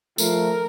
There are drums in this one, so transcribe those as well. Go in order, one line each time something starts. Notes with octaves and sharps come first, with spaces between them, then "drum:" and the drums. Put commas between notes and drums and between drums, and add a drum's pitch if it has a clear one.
F3 A3 A#4, drum: tambourine